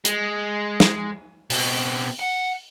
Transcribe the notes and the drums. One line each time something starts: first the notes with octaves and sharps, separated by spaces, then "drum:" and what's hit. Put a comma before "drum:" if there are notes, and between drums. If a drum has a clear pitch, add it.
G#3, drum: hi-hat
drum: snare
B2 C4, drum: open hi-hat
F#5